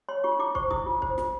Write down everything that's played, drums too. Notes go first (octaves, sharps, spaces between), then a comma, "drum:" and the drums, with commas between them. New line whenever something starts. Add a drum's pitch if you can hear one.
C#5 C6
F4 C#6
E4 D6
C5 C#6, drum: kick
E4 D#6, drum: kick
F4
C5, drum: kick
F4, drum: snare